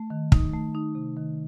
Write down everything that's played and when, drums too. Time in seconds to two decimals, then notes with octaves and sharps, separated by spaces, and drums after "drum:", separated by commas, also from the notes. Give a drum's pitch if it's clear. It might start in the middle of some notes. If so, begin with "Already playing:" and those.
Already playing: A3
0.10 D#3
0.32 D#4, drum: kick
0.53 A3
0.75 D#4
0.95 C3
1.17 D#3